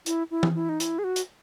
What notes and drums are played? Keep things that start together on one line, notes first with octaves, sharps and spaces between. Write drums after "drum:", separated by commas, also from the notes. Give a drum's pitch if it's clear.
E4, drum: hi-hat
E4
drum: tom E3
E4
D#4
E4, drum: hi-hat
G#4
F#4
drum: hi-hat